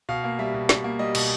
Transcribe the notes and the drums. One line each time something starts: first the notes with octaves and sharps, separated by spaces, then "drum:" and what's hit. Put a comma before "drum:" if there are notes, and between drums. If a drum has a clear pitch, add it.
B2 F5
A#3
G3 E5
B2
B2, drum: snare
A#3
G3 D#5
B2, drum: cymbal